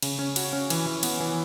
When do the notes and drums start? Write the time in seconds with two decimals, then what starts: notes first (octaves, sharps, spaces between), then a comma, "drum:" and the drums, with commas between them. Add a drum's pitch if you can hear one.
0.02 C#3, drum: cymbal
0.19 C#4
0.36 F#4, drum: cymbal
0.53 C#4
0.70 E3, drum: cymbal
0.86 E3
1.03 B3, drum: cymbal
1.20 E3